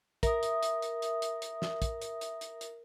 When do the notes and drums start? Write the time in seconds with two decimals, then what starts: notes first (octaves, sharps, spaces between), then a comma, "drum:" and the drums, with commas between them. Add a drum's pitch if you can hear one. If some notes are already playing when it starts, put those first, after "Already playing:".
0.23 A#4 E5 D#6, drum: kick, hi-hat
0.43 drum: hi-hat
0.63 drum: hi-hat
0.82 drum: hi-hat
1.02 drum: hi-hat
1.22 drum: hi-hat
1.42 drum: hi-hat
1.62 drum: snare
1.82 drum: kick, hi-hat
2.01 drum: hi-hat
2.21 drum: hi-hat
2.41 drum: hi-hat
2.61 drum: hi-hat